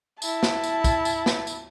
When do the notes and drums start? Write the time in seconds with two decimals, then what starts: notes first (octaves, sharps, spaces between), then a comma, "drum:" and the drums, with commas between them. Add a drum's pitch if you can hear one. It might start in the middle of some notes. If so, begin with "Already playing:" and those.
0.22 E4 A5, drum: tambourine
0.43 drum: snare
0.64 drum: tambourine
0.84 drum: kick, tambourine
1.05 drum: tambourine
1.26 drum: snare
1.47 drum: tambourine